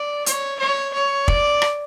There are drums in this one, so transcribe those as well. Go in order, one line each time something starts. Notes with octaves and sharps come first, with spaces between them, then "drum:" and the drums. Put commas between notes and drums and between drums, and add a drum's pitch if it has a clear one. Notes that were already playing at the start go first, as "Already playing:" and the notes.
Already playing: D5
C#5, drum: hi-hat
C#5
C#5
D5, drum: kick
drum: rim click